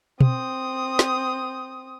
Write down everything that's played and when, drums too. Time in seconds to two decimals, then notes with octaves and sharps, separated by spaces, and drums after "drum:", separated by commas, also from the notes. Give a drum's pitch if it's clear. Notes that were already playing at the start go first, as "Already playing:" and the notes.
0.20 C4 D#6, drum: tom B2
0.99 drum: snare